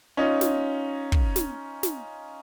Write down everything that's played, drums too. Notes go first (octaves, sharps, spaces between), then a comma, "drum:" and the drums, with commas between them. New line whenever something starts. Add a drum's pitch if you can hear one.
C#4 D#4 F4 C#5 D#5
drum: snare
drum: kick
drum: snare
drum: snare